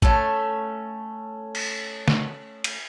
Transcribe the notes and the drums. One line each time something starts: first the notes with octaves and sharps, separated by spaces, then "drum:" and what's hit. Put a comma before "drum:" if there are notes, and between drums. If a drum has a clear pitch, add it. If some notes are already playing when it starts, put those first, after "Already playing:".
A3 C#4, drum: kick
drum: cymbal
drum: snare
drum: cymbal